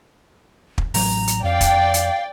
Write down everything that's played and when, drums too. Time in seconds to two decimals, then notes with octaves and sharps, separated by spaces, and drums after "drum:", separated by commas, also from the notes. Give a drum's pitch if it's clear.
0.78 drum: kick
0.94 A1 F#3 A#5, drum: open hi-hat
1.27 drum: hi-hat
1.44 F2 D5 F5 G5
1.61 drum: kick, hi-hat
1.94 drum: hi-hat